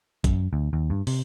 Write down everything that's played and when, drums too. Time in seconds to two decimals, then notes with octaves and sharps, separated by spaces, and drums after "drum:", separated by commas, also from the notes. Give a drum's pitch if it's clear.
0.24 F#2, drum: kick A1, hi-hat
0.53 D2
0.73 D#2
0.90 G2
1.07 C3, drum: open hi-hat